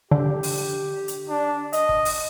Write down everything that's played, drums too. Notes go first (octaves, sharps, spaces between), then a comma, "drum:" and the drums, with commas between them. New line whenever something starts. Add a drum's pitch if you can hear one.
D3 G4
drum: open hi-hat
drum: hi-hat
D4
D#5, drum: hi-hat
drum: kick
drum: open hi-hat